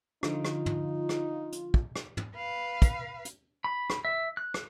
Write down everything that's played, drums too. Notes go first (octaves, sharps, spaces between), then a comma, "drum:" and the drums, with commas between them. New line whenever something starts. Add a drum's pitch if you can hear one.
D3 F3 D#4 F4, drum: rim click
drum: rim click
drum: tom
drum: rim click
drum: hi-hat
drum: kick
drum: rim click
drum: tom
B4 F5
drum: kick, hi-hat
drum: hi-hat
B5
drum: rim click
E5
F#6
drum: rim click